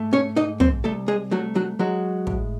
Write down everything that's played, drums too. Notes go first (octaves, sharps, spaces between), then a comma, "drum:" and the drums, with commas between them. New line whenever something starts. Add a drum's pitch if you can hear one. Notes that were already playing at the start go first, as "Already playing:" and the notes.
Already playing: G#2 A3
C#4 C#5
G#2 D#4 D#5
C4 C5, drum: tom
C2 A3 A4
G#3 G#4
F#3 A3 F#4
F#3 F#4
F#3 G#3 F#4
A2, drum: kick